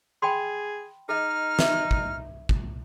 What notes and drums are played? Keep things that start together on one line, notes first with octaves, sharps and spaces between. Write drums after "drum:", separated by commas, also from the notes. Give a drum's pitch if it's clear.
G#4 G5 B5 C6
D#4 G#4 D#5 F6
E5, drum: snare
drum: kick
drum: kick